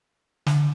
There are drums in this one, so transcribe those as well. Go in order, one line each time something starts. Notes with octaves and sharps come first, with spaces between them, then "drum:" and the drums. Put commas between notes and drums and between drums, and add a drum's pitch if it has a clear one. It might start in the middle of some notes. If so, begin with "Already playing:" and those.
D3, drum: snare